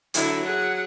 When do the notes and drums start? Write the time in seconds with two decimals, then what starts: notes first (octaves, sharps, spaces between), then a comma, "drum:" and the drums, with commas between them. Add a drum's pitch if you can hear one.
0.14 D3 F#3 E4, drum: hi-hat
0.45 G#4 F#5